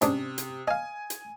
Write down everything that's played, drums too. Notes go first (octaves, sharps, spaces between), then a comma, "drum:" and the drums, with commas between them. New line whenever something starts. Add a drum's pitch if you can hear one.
G#2 C3 C#4 D4 D#6, drum: hi-hat
drum: hi-hat
D#5 F5 G#5
drum: hi-hat